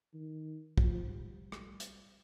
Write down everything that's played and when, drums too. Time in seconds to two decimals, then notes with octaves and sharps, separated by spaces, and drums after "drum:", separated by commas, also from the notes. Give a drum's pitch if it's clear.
0.14 D#3
0.78 F3, drum: kick
1.08 G3
1.52 drum: rim click
1.80 drum: hi-hat